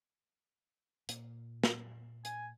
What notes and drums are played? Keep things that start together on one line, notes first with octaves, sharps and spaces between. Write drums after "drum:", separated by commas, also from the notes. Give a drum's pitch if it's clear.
A#2 A#3, drum: hi-hat
drum: snare
G#5, drum: hi-hat